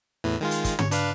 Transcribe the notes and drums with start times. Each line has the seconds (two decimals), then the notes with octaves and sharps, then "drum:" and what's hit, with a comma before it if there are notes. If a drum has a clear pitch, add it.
0.24 E2 A2 E3
0.41 D#3 G#3 F4
0.51 drum: hi-hat
0.64 drum: kick, hi-hat
0.79 C#5, drum: tom
0.91 D4 B4 F5, drum: hi-hat